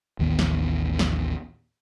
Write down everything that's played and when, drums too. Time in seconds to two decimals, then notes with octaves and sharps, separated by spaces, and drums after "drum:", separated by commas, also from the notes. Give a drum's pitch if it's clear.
0.19 A1 D#2 D#3 B3
0.39 drum: snare
0.99 drum: snare